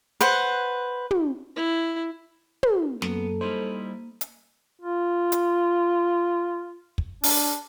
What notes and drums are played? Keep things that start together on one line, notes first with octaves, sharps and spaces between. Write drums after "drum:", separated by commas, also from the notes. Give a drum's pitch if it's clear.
B4 C5 F#5, drum: hi-hat
drum: tom
E4
drum: tom
F#2 A#3 B3 A4, drum: snare
G3 D#4 E4 C5
drum: hi-hat
F4
drum: hi-hat
drum: kick
D4, drum: open hi-hat